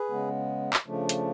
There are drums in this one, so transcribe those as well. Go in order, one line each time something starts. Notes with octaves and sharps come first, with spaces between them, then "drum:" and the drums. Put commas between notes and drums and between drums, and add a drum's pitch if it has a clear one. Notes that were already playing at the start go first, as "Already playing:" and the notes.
Already playing: G#4 B4
C#3 G#3 B3
drum: clap
C#3 F3 A3 D4
drum: hi-hat